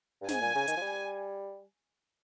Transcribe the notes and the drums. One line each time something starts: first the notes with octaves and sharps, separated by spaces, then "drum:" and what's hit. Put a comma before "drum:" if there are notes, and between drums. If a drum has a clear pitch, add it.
G2
G#2 G#5, drum: snare
A#2
C#3
D#3, drum: hi-hat
F3
G3